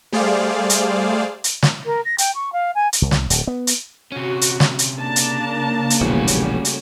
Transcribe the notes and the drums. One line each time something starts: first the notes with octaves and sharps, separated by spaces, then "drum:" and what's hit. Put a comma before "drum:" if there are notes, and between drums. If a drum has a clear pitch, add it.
G3 A3 G#4 C5 D5 F5
drum: hi-hat
drum: hi-hat
drum: snare
A#4
A#6
G5, drum: hi-hat
C#6
F5
G#5
drum: hi-hat
C2
drum: snare
D1, drum: hi-hat
B3
drum: hi-hat
C3 C#4 F#4
drum: hi-hat
drum: snare
drum: hi-hat
C#3 A#3 D4 A5 A#5
drum: hi-hat
drum: hi-hat
E1 A#1 E2 G3 A3 C#4 F#4 G#4
drum: hi-hat
drum: hi-hat